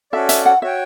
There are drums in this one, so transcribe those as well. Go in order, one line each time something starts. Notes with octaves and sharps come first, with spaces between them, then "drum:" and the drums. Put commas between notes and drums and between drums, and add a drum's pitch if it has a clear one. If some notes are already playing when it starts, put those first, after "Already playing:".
C#4 F#4 A4 D5 E5
E5, drum: hi-hat
F#5
F#4 C#5 E5 G5